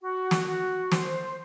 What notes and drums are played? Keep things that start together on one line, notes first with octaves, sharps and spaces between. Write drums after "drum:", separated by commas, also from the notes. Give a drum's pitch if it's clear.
F#4
drum: snare
F#4
C5, drum: snare